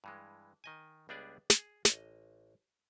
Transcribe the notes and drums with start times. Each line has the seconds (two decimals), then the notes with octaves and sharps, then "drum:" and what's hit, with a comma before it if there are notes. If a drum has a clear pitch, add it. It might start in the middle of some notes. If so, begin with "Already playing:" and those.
0.04 G2 E3 G#3
0.64 D#3 D#5 G#5
1.09 C#2 G3 B3 D4 G#4 D5
1.50 G#4, drum: snare
1.85 A1 D#5, drum: snare